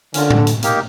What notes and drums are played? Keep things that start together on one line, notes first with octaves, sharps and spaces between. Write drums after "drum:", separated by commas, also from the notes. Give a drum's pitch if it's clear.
D3 C#4 F4 A#4, drum: hi-hat
drum: tom A2
drum: hi-hat
A#3 D#4 G4 A#4, drum: hi-hat